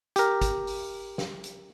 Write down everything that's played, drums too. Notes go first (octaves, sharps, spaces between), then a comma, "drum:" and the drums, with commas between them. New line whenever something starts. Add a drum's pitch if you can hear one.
G4 A#4, drum: hi-hat
drum: kick, hi-hat
drum: open hi-hat
drum: snare
drum: hi-hat